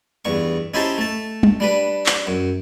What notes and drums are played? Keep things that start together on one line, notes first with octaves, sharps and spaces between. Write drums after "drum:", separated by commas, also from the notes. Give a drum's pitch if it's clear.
E2 G2 C#6
C#4 D#4 E4 G4 C5 A5
A3 A5
drum: tom
G3 D4 B4
drum: clap
F#2